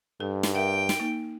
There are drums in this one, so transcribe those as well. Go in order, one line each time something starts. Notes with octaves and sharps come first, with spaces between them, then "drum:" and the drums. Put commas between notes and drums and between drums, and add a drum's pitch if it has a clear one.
G2 A4
drum: snare
A#4 E5 F#5 G5
drum: snare
A#3 D#4